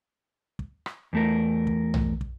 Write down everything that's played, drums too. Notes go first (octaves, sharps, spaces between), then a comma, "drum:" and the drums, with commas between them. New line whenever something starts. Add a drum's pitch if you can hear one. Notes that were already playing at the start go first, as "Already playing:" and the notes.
drum: kick
drum: rim click
E2 A3 A#4
drum: kick
drum: tom B1
drum: kick